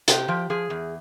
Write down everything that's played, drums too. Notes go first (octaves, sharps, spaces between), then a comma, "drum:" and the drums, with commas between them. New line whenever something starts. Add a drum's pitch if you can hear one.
C3 G4, drum: hi-hat
F3
F3 G#4
E2